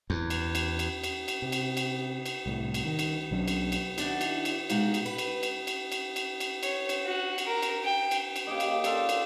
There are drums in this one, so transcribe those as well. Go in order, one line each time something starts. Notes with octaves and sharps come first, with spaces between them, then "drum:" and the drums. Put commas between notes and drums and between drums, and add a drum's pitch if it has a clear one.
E2
drum: cymbal
drum: cymbal
drum: cymbal
drum: cymbal
drum: cymbal
C3
drum: cymbal
drum: cymbal
drum: cymbal
C2 A2
drum: cymbal
D#3
drum: cymbal
B1 F#3 C#4 D4
drum: cymbal
drum: cymbal
D#3 D4 E4 F#4, drum: cymbal
drum: cymbal
drum: cymbal
B2 G#3 D#4 F#4 G4 F5, drum: cymbal
drum: cymbal
B4
drum: cymbal
drum: cymbal
drum: cymbal
drum: cymbal
drum: cymbal
drum: cymbal
C#5, drum: cymbal
drum: cymbal
F#4
drum: cymbal
A#4
drum: cymbal
G5
drum: cymbal
drum: cymbal
C#3 A#3 G4 D#5
drum: cymbal
F4 A4 D5, drum: cymbal
drum: cymbal